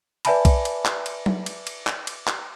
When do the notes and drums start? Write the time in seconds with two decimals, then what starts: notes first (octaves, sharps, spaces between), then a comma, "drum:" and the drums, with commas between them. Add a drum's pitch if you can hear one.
0.25 B4 D5 E5 G#5 A5 B5, drum: cymbal
0.45 drum: kick B1, cymbal
0.65 drum: cymbal
0.86 drum: clap
1.06 drum: cymbal
1.26 drum: tom F#3
1.46 drum: cymbal
1.67 drum: cymbal
1.87 drum: clap
2.07 drum: cymbal
2.27 drum: clap